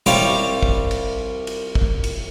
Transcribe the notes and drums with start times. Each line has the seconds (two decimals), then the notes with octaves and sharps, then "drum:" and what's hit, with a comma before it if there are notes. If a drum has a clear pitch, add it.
0.06 C2 G3 F4 C#5 D5 D6, drum: snare
0.63 drum: kick
0.91 drum: cymbal
1.47 drum: cymbal
1.75 drum: kick
2.04 drum: cymbal